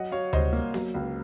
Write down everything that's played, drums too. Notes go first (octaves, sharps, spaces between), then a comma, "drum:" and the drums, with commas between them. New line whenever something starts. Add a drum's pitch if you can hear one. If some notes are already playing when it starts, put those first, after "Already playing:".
Already playing: F#3 D#5 F#5
F#3 C#5 F5
C2 C5 D#5, drum: tom D2
A#3
F#3, drum: snare B3
C#2